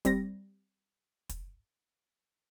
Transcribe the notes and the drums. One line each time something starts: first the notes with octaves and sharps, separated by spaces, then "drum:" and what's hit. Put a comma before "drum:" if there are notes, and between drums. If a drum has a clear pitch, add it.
G3 C4 A#6, drum: kick, hi-hat
drum: kick, hi-hat